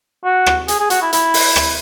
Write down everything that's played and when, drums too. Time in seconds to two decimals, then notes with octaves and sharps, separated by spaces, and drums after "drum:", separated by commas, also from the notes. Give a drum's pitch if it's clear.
0.25 F#4
0.46 drum: rim click
0.68 G#4, drum: hi-hat
0.80 G#4
0.90 F#4, drum: hi-hat
1.02 E4
1.13 E4, drum: hi-hat
1.34 drum: open hi-hat
1.56 drum: rim click